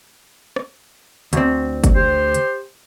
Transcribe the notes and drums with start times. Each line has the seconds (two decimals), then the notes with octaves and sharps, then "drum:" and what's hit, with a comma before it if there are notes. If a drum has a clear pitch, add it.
0.56 drum: rim click
1.33 D2 C4, drum: hi-hat
1.84 drum: kick, hi-hat
1.95 G4 C5
2.34 drum: hi-hat